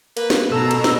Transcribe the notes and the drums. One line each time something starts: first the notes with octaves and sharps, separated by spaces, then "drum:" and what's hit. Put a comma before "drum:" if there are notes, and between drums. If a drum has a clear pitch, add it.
A#3 B4, drum: cymbal
drum: snare
B2 A4 A#5 E6
drum: cymbal
drum: snare